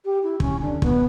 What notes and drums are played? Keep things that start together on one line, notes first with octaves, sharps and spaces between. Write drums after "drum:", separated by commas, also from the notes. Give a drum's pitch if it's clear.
G4
E4
C#4, drum: kick
D3
B3, drum: kick